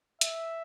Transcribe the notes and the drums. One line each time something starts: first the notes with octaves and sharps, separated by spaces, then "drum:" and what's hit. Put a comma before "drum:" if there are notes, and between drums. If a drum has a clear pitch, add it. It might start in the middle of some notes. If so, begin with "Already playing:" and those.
E5, drum: hi-hat